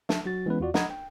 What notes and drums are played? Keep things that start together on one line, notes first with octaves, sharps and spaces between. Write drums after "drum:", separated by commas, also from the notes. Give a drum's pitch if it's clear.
E5 A5, drum: snare
F#3 F#4 A6
E3 G#3 B3 C#4 B4
E2 F4 F#4 D5
D#5 F#5 A#5 B5 D#6 G#6, drum: snare
G5